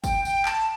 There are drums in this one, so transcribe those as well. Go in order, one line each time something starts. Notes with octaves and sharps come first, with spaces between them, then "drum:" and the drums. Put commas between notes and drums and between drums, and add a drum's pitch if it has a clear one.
G5, drum: kick, tambourine
G5, drum: tambourine
A5, drum: clap